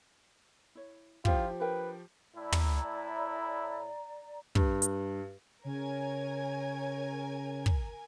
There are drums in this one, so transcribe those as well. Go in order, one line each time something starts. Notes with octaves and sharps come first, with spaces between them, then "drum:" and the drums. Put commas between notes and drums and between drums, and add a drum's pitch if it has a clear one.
E4 C#5
F3 D4 E4 F4 G4 G5, drum: kick
D4 A#4 B4 G5
A2 E4 D5 A#5
drum: tom
G2, drum: kick
drum: hi-hat
C#3 A#4 C#5 G#5
drum: kick